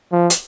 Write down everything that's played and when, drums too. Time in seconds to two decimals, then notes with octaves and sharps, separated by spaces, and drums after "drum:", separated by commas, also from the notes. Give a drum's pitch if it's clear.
0.12 F3
0.30 drum: hi-hat